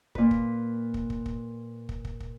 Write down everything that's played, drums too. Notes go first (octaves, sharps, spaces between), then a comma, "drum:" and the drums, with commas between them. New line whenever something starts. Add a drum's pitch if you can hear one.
A#2 B4, drum: kick
drum: kick
drum: kick
drum: kick
drum: kick
drum: kick
drum: kick
drum: kick